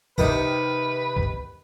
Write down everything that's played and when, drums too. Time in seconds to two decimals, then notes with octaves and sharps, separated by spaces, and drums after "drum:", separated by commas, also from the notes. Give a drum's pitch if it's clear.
0.18 C3 D#3 A#4 B4, drum: kick
1.17 drum: kick